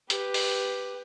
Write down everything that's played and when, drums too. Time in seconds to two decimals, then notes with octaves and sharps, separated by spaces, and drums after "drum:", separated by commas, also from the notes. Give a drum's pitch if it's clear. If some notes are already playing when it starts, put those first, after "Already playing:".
0.10 G4 B4, drum: hi-hat
0.34 drum: open hi-hat